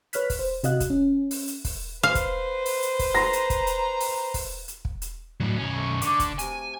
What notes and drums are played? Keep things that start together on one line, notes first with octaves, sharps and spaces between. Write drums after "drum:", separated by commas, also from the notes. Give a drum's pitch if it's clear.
B4 C#5 F6 F#6 B6, drum: hi-hat
drum: kick, open hi-hat
C5
C3 F#4 D#5 F5 F#6, drum: hi-hat
drum: kick, hi-hat
C#4
drum: open hi-hat
drum: hi-hat
drum: kick, open hi-hat
B4 C5 F5
drum: kick, hi-hat
drum: open hi-hat
drum: hi-hat
drum: kick, open hi-hat
A#5 C6 A#6
drum: hi-hat
drum: kick, hi-hat
drum: hi-hat
drum: open hi-hat
drum: kick, open hi-hat
drum: hi-hat
drum: kick
drum: hi-hat
A2 F#3
B1 C#4
A3
D3 D6, drum: hi-hat
drum: kick, hi-hat
C3 G#5, drum: hi-hat